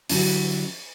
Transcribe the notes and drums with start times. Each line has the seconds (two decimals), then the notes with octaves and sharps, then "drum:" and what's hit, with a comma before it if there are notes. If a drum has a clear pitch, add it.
0.09 D3 F#3 G3 D4 E4, drum: open hi-hat